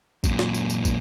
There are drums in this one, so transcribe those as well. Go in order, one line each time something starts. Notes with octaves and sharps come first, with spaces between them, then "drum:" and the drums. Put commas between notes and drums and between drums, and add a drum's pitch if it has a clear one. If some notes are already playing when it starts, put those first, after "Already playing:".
F#2 A#2, drum: kick, tambourine
drum: snare
drum: tambourine
drum: tambourine
drum: kick, tambourine